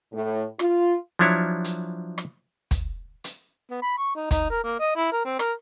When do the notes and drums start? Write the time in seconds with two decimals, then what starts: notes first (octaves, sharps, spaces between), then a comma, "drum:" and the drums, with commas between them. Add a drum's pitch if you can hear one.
0.12 A2
0.59 F4, drum: rim click
1.19 F3 F#3 D4 E4 C#5
1.64 drum: hi-hat
2.18 drum: rim click
2.71 drum: kick, hi-hat
3.24 drum: hi-hat
3.70 B3
3.82 B5
3.98 C#6
4.16 D#4
4.31 D#4, drum: kick, hi-hat
4.50 A#4
4.64 A#3
4.80 D#5
4.96 E4
5.12 A#4
5.25 C4
5.39 A#4, drum: rim click